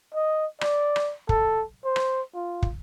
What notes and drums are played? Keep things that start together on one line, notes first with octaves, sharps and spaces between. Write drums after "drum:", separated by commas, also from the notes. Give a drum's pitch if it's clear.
D#5
D5, drum: rim click
drum: rim click
A4, drum: kick
C5
drum: rim click
F4
drum: kick